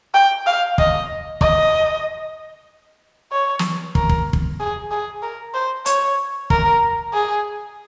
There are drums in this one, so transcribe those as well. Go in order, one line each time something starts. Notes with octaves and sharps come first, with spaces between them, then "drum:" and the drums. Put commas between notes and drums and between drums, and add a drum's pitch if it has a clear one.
G5
F5
D#5, drum: kick
D#5, drum: kick
C#5
drum: snare
A#4, drum: kick
drum: kick
drum: kick
G#4
G#4
A#4
C5
C#5, drum: hi-hat
A#4, drum: kick
G#4